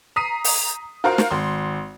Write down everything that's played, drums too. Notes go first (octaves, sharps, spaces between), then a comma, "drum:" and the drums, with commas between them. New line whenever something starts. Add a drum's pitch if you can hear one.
A#5 D#6 B6 C7 D#7
drum: open hi-hat
F4 F#4 A#4 C5 F5
drum: snare
G#1 C6